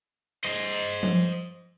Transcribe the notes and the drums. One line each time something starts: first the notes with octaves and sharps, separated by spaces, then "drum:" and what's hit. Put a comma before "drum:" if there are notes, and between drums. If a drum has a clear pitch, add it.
C5 D#5
drum: tom F3